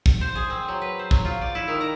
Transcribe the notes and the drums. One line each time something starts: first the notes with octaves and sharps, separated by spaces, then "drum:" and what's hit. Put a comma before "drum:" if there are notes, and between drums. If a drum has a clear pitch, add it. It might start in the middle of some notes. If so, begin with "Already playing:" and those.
drum: kick
C5
G#4
C4
F#3
B4
C5
F#3, drum: kick
F4
D5
E4
D#3
A#5